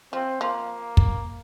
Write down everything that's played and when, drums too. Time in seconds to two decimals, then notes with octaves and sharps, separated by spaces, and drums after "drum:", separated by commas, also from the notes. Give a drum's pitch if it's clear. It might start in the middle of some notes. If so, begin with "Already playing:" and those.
0.13 F3 C4
0.41 F3 A#3
0.97 drum: kick